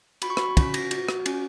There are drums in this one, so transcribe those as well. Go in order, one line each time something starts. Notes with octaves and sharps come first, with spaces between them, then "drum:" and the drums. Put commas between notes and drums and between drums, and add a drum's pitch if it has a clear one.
F#4 B5, drum: cymbal
C#6
F#4 B5, drum: rim click
C#4, drum: kick, cymbal
B6
F#4 A#6, drum: cymbal
F#4, drum: cymbal
F#4, drum: rim click
C#4, drum: cymbal